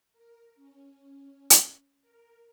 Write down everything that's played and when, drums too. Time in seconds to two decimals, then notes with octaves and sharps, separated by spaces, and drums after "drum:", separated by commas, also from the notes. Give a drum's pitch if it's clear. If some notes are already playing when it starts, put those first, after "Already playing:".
0.13 A#4
0.55 C#4
1.50 drum: hi-hat
2.02 A#4